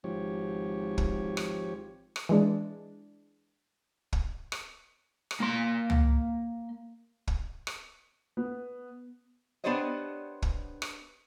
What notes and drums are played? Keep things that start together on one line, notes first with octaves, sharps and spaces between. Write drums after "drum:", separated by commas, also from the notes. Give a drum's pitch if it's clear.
G#1 F3 G4 C#5
drum: kick
drum: rim click
drum: rim click
E3 G#3 D4
drum: kick
drum: rim click
drum: rim click
A#3 C6
drum: tom
drum: kick
drum: rim click
B3
B3 D4 G4 C5 C#5 D#5
drum: kick
drum: rim click